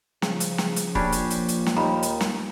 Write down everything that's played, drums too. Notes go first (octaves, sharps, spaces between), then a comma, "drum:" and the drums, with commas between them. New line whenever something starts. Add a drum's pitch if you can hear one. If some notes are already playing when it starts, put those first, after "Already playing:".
C#3 F3, drum: snare
drum: hi-hat
drum: snare
drum: hi-hat
A#2 C#4 D4 G4 B5, drum: kick
drum: hi-hat
drum: hi-hat
drum: hi-hat
drum: snare
D#2 D#3 A#5 B5
drum: hi-hat
drum: snare